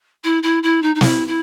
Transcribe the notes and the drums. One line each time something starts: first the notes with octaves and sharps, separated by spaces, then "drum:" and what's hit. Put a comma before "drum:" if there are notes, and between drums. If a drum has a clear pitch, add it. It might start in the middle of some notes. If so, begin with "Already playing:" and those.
E4
E4
E4
D#4
D#4
E4, drum: snare
E4